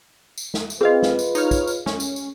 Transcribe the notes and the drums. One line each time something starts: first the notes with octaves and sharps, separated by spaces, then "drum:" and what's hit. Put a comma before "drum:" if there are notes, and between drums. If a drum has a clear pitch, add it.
drum: tambourine
drum: snare
drum: tambourine
C4 F4 G#4 B4 D#5 F5
drum: snare
drum: tambourine
D#4 C#5 F6, drum: tambourine
drum: kick, tambourine
drum: tambourine
C#4, drum: snare
drum: tambourine
drum: tambourine